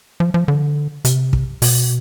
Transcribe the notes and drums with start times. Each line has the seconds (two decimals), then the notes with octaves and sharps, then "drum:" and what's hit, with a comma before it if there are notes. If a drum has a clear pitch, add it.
0.20 F3
0.34 F3
0.48 D3
1.05 C3, drum: hi-hat
1.33 drum: kick
1.62 B2, drum: open hi-hat